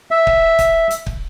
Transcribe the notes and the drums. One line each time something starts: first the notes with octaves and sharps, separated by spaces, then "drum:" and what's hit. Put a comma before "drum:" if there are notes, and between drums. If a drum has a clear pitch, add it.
E5
drum: kick
drum: kick, hi-hat
drum: hi-hat
drum: kick